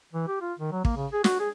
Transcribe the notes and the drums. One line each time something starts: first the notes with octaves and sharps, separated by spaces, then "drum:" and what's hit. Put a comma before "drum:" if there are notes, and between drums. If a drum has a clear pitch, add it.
E3
G4
F4
D#3
F#3
A#3, drum: kick
C#3
G#4
F#4, drum: snare
G#4